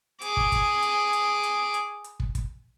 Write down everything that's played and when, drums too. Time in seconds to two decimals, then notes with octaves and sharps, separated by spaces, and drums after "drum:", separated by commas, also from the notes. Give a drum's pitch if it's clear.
0.21 G#4 D6, drum: hi-hat
0.37 drum: kick
0.52 drum: kick, hi-hat
0.82 drum: hi-hat
1.13 drum: hi-hat
1.43 drum: hi-hat
1.74 drum: hi-hat
2.04 drum: hi-hat
2.20 drum: kick
2.35 drum: kick, hi-hat